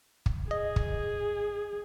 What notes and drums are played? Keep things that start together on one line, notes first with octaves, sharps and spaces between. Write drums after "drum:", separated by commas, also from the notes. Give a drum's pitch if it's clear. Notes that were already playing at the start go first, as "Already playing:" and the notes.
drum: kick
G#4 D#5
drum: kick